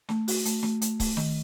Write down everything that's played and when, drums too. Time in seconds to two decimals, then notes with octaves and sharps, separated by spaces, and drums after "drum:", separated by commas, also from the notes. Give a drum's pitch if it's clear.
0.09 A3, drum: snare
0.28 F#4, drum: open hi-hat
0.45 A3, drum: hi-hat
0.63 A3, drum: snare
0.82 A3, drum: hi-hat
1.00 A3, drum: kick C#1, open hi-hat
1.17 D#3, drum: snare